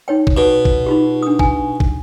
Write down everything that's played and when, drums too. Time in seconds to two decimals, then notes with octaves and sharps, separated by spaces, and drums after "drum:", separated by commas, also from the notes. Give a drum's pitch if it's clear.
0.08 D#4 C#5 G5
0.27 drum: kick
0.37 B2
0.65 drum: kick
0.86 D#4 F4 G4
1.23 D4 D#6
1.39 G#5, drum: kick
1.80 drum: kick